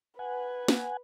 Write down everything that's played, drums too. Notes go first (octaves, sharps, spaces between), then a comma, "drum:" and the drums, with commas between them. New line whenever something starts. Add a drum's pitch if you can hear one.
B4 F#5 G#5
drum: snare